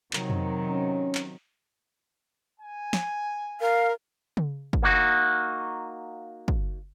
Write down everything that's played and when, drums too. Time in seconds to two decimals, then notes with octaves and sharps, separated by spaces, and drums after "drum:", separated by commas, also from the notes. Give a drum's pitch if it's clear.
0.13 C3 D#3 F#3, drum: clap
0.30 drum: tom F2
0.70 C#4
1.15 drum: clap
2.60 G#5
2.93 drum: snare
3.61 A#4 F5
4.37 drum: tom C#3
4.73 drum: kick
4.82 A#3 D#4 F#4
6.48 drum: kick